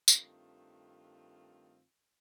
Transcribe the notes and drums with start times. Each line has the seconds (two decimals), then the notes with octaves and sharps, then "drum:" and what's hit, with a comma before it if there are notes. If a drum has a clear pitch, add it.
0.08 G2 D#3 A3 C4 F4, drum: tambourine